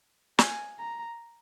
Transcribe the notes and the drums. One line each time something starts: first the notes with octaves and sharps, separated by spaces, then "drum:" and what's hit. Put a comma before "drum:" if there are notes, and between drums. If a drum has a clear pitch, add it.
G#5, drum: snare
A#5